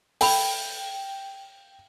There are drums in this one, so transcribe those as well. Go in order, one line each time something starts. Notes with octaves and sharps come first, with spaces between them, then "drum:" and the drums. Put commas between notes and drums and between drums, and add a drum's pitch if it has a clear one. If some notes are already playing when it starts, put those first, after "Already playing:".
A4 G5 B5 F7, drum: open hi-hat